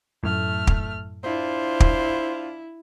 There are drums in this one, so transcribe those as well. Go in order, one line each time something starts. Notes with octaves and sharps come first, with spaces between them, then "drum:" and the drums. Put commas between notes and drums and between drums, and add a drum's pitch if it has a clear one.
F#2 A2 A3 F6
drum: kick
D4 E4 F4 C5
drum: kick